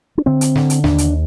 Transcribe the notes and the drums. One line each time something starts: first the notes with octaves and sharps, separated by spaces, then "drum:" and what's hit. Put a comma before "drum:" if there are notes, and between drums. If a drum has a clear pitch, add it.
D4
D3 C4
drum: hi-hat
D3, drum: snare
drum: hi-hat
D#2 D4, drum: snare
drum: hi-hat